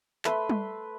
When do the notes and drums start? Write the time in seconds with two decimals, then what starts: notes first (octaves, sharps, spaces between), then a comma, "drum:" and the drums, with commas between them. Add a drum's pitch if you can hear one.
0.25 A3 B4 E5 C6, drum: clap
0.49 drum: tom G3